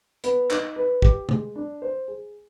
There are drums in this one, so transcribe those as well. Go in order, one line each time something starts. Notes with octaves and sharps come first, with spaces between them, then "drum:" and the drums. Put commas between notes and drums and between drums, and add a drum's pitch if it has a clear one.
B3, drum: hi-hat
D#4, drum: clap
B4
G4, drum: kick
G#3, drum: tom
D4
C5
G#4